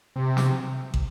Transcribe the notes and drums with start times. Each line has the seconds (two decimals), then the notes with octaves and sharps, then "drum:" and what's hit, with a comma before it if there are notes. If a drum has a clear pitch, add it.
0.16 C3
0.37 drum: snare
0.94 drum: kick